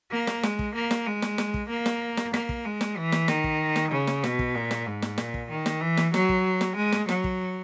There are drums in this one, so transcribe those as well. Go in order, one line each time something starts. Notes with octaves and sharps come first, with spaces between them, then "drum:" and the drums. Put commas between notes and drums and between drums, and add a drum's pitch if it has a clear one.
A#3
drum: snare
G#3, drum: snare
drum: kick
A#3
drum: snare
G#3
drum: snare
drum: snare
drum: kick
A#3
drum: snare
drum: snare
A#3, drum: snare
drum: kick
G#3
drum: snare
E3
drum: snare
D#3, drum: snare
drum: kick
drum: snare
C#3
drum: snare
B2, drum: snare
drum: kick
A#2
drum: snare
G#2
drum: snare
A#2, drum: snare
drum: kick
D#3
drum: snare
E3
drum: snare
F#3, drum: snare
drum: kick
drum: snare
G#3
drum: snare
F#3, drum: snare
drum: kick